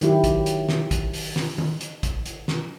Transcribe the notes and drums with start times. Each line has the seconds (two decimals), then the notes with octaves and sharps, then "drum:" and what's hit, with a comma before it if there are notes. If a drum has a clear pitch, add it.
0.01 D#3 F#3 E4 G4, drum: hi-hat
0.24 drum: kick A1, hi-hat
0.46 drum: hi-hat
0.69 drum: snare
0.91 drum: kick A1, hi-hat
1.13 drum: open hi-hat
1.36 drum: snare
1.58 drum: tom D#3
1.81 drum: hi-hat
2.03 drum: kick A1, hi-hat
2.26 drum: hi-hat
2.48 drum: snare